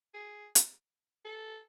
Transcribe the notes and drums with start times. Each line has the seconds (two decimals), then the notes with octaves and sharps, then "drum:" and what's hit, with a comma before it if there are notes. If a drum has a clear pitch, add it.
0.14 G#4
0.55 drum: hi-hat
1.25 A4